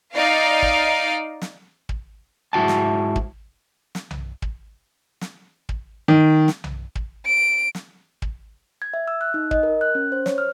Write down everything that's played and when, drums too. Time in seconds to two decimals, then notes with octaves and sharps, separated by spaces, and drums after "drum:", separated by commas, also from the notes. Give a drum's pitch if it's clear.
0.15 D#4 D5 D#5 F5
0.62 drum: kick
1.42 drum: snare
1.89 drum: kick
2.53 G#2 E4 F#4 G5 A5
2.68 drum: snare
3.16 drum: kick
3.95 drum: snare
4.11 drum: tom B1
4.42 drum: kick
5.21 drum: snare
5.69 drum: kick
6.08 D#3
6.48 drum: snare
6.64 drum: tom B1
6.95 drum: kick
7.26 D7
7.75 drum: snare
8.22 drum: kick
8.82 G#6
8.94 E5
9.08 E6
9.21 F#6
9.34 D#4
9.51 D#5, drum: kick
9.63 A#4
9.81 F#6
9.95 C#4
10.12 C5
10.26 C#5, drum: snare
10.38 F6